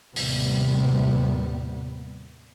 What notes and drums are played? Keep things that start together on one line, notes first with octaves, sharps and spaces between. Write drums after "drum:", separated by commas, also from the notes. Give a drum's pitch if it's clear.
D#2 A2 C3 G3 B3, drum: open hi-hat